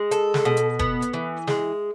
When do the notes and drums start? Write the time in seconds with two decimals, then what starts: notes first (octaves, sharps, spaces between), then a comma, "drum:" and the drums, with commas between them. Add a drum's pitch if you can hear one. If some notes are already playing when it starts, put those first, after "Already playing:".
Already playing: G#3
0.11 A4, drum: hi-hat
0.34 drum: snare
0.45 B2
0.57 drum: hi-hat
0.79 B3, drum: kick F1
1.02 drum: hi-hat
1.13 E3
1.47 G#3, drum: snare